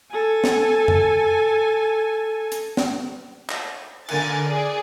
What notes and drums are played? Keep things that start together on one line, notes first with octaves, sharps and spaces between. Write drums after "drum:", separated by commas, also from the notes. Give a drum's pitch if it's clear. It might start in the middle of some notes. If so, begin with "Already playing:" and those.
A4 G#5
drum: snare
drum: tom F2
drum: hi-hat
drum: snare
drum: clap
D3 A#4 G#5 A6, drum: cymbal
G#4 D5